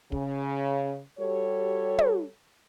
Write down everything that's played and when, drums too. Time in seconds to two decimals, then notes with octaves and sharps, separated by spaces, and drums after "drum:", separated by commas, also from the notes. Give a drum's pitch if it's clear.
0.12 C#3, drum: kick
1.20 G3 F#4 G4 A4 C#5
1.99 drum: tom